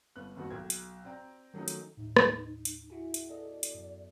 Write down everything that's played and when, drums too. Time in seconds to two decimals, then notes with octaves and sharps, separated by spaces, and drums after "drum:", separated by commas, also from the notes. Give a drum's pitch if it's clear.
0.16 G1 B3 F#6
0.36 F#1 D#3 B3 F#4
0.50 B1 G5 G#6
0.70 drum: hi-hat
1.05 C4 D5 G5 A#5
1.54 D#3 F#3 A3 C#4 D#4
1.68 drum: hi-hat
1.97 D#2 A2 D#4
2.17 drum: rim click
2.65 drum: hi-hat
2.90 E4 F#4 G#4
3.14 drum: hi-hat
3.29 B3 A4 D5 D#5
3.63 drum: hi-hat
3.75 F#2